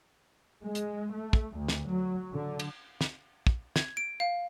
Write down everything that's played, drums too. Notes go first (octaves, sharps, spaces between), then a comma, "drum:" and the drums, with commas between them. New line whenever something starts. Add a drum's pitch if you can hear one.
G#3
drum: hi-hat
A3
drum: kick
D2
drum: snare
F#3
D3
drum: cymbal
drum: snare
drum: kick
G#6, drum: snare
D7
F5